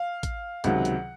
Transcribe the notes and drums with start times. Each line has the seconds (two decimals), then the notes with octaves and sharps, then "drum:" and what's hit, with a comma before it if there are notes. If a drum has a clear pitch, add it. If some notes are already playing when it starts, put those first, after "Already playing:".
Already playing: F5
0.23 drum: kick, hi-hat
0.64 C#2 C3 D#3 F#3 F#5, drum: hi-hat
0.85 drum: hi-hat